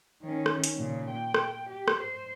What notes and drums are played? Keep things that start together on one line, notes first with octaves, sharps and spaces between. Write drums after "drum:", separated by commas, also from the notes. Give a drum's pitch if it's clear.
D#3 C#4
drum: rim click
drum: hi-hat
A#2 C#3
G5
drum: rim click
G4
drum: rim click
C5